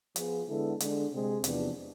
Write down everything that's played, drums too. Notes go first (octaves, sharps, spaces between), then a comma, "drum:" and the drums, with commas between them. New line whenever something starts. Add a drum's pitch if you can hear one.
F3 B3 F4 G#4, drum: hi-hat
D3 G#3 B3 E4 A4
D3 G#3 D4, drum: hi-hat
C3 G#3 C4
E2 C3 F3 B3 D4, drum: hi-hat